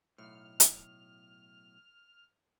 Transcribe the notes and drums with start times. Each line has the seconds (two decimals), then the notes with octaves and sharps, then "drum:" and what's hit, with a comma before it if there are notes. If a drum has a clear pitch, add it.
0.18 B1 A2 F6
0.60 drum: hi-hat